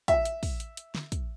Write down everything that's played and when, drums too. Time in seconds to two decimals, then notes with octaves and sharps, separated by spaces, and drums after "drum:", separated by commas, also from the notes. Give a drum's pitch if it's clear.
0.08 E5, drum: kick, hi-hat
0.25 drum: hi-hat
0.43 drum: kick, open hi-hat
0.60 drum: hi-hat
0.77 drum: hi-hat
0.95 drum: snare
1.12 drum: kick, hi-hat